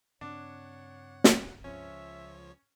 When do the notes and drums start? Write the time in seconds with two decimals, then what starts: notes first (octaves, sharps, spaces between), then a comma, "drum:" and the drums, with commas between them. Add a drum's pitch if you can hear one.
0.21 G2 C#3 C4 D4 C#5 F#5
1.24 drum: snare
1.64 C#2 F3 C#4 C#5 E5